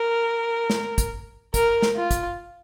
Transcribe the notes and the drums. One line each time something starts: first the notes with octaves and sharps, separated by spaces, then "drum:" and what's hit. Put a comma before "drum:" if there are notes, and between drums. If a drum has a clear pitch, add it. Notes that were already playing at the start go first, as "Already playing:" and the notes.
Already playing: A#4
drum: snare
drum: kick, hi-hat
A#4, drum: kick, hi-hat
drum: snare
F4
drum: kick, hi-hat